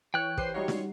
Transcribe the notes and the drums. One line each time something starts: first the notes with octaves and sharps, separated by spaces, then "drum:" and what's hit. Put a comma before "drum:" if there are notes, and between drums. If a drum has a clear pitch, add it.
E3 C#5 G5 F#6
G4 B4 C5 C7, drum: kick
G3 D#4 F4 F#4 C#5
drum: snare